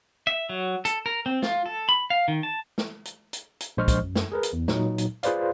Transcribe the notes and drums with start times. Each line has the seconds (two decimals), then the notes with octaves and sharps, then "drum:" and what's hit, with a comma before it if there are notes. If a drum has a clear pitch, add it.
0.27 E5
0.49 F#3
0.85 A4, drum: hi-hat
1.06 A#4
1.26 C4
1.42 F4, drum: snare
1.66 A4
1.89 B5
2.10 F5
2.28 D#3
2.43 A5
2.78 drum: snare
3.05 drum: hi-hat
3.33 drum: hi-hat
3.60 drum: hi-hat
3.77 A#1 G#3 C5 D#5 C#6 F6
3.88 drum: kick, hi-hat
4.03 F#2
4.15 drum: snare
4.32 G#4 A#4 B4
4.43 drum: hi-hat
4.53 E2
4.68 A#2 F#3 D#4, drum: snare
4.98 drum: hi-hat
5.23 F4 G#4 B4 C5 D5 F5, drum: hi-hat